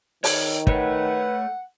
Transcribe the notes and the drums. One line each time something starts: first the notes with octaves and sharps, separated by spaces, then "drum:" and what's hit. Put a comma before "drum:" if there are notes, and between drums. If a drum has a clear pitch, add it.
D#3 C#5, drum: open hi-hat
A3 B4 C#5 F#5, drum: kick